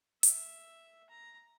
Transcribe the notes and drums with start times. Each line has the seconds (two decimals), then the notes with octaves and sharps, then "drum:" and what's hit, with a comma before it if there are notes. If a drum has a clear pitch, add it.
0.23 E5, drum: hi-hat
1.10 A#5